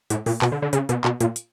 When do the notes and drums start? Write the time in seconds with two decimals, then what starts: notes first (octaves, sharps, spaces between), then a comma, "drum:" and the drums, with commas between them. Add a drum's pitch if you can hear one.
0.10 A2, drum: hi-hat
0.26 A#2, drum: open hi-hat
0.42 B2, drum: clap
0.52 D3
0.62 D3
0.73 C#3, drum: hi-hat
0.89 B2, drum: hi-hat
1.05 B2, drum: clap
1.20 A#2, drum: hi-hat
1.36 drum: hi-hat